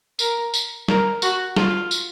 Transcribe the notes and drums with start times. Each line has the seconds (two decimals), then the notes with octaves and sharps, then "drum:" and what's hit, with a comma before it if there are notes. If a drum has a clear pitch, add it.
0.19 A#4, drum: tambourine
0.54 drum: tambourine
0.88 A#4, drum: snare
1.22 F#4, drum: tambourine
1.56 F4, drum: snare
1.91 drum: tambourine